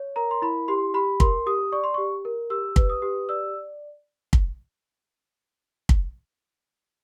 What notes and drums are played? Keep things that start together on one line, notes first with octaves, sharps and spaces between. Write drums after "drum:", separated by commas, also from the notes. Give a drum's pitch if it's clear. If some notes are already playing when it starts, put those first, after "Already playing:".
Already playing: C#5
A#4 A#5
C6
E4 B5
G4 C6
G4 B5
A#4 C6, drum: kick
G4 D#6
D5 C#6
C6
G4 C#6
A#4
G4 E6
B4, drum: kick
D#6
G4
D5 E6
drum: kick
drum: kick